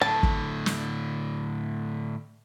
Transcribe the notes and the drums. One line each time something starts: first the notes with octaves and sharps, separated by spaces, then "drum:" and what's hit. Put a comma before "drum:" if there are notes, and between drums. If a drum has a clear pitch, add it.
A2 D3 A5
drum: kick
drum: snare